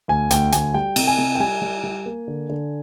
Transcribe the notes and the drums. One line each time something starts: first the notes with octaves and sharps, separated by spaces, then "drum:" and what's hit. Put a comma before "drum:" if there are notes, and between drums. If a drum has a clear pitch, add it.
D2 G#5
D2 G5, drum: hi-hat
D2 G#5, drum: hi-hat
G3 G5
C3, drum: cymbal
G#5
C3
G5
G3 G#5
G3
G3
A#3
D3
D3